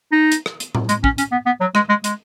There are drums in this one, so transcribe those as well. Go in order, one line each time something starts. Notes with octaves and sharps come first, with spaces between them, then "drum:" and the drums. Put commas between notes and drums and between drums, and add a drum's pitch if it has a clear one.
D#4
drum: hi-hat
drum: rim click
drum: hi-hat
drum: tom A2
G#3, drum: hi-hat
C#4, drum: kick
C#4, drum: hi-hat
B3
B3
F#3
G#3, drum: rim click
G#3
G#3, drum: hi-hat